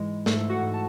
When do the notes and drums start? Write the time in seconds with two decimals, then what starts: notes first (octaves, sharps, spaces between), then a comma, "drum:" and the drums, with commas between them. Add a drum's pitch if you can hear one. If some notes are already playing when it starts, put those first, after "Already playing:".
Already playing: G#2 E3 G#3 E4
0.26 G#2 A3 A4, drum: snare
0.49 F#4 F#5
0.62 G#2
0.74 A5